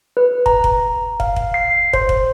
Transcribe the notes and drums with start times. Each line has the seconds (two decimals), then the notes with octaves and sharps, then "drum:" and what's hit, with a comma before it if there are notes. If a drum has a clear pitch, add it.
0.17 B4
0.46 A#5, drum: kick
0.64 drum: kick
1.20 F5, drum: kick
1.36 drum: kick
1.54 C7
1.93 C5, drum: kick
2.09 drum: kick